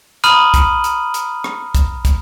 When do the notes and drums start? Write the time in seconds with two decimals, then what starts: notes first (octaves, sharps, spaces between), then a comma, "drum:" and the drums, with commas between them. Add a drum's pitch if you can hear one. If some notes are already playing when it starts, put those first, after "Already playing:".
0.24 A#5 B5 D#6 F6 D#7 F#7, drum: hi-hat
0.54 drum: kick, hi-hat
0.84 drum: hi-hat
1.14 drum: hi-hat
1.44 drum: rim click
1.75 drum: kick, hi-hat
2.05 drum: kick, hi-hat